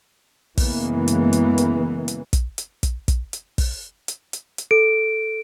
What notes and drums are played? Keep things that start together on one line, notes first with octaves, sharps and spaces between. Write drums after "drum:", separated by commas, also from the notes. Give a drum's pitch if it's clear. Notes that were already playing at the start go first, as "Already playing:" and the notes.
F#2 C#3 E3 G#3 A#3 B3, drum: kick, open hi-hat
drum: hi-hat
drum: hi-hat
drum: hi-hat
drum: hi-hat
drum: kick, hi-hat
drum: hi-hat
drum: kick, hi-hat
drum: kick, hi-hat
drum: hi-hat
drum: kick, open hi-hat
drum: hi-hat
drum: hi-hat
drum: hi-hat
A4 D7